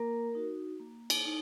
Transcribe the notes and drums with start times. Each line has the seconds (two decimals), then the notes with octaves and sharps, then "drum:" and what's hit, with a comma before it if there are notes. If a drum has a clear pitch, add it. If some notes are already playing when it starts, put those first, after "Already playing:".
Already playing: A#3 A#4
0.35 D#4 F#4
0.80 A#3
1.10 drum: cymbal
1.25 D#4